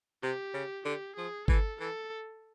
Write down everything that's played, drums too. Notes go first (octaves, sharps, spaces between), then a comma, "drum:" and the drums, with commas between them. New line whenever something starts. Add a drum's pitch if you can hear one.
C3 G4
C#3
D3 G4
F3 G#4
E3 A4, drum: kick G1
E3 A4